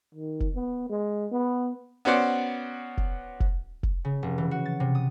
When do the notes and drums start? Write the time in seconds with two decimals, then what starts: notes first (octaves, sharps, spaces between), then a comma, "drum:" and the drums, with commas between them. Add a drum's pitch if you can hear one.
0.15 D#3
0.40 drum: kick
0.55 B3
0.90 G#3
1.32 B3
2.05 B3 C#4 F#4 C5 D5 F#5
2.97 drum: kick
3.40 drum: kick
3.83 drum: kick
4.05 C#3
4.23 F1
4.38 E3
4.51 F#4
4.66 A6
4.80 C3
4.95 D#6